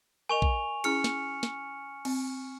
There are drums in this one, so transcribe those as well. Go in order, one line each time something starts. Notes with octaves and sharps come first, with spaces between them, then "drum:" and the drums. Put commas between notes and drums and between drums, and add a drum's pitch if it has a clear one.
A#4 D#5 G#5 C#6 F7
drum: kick
C#4 E4 G#4 F6 C#7, drum: cymbal
drum: snare
drum: snare
C4, drum: cymbal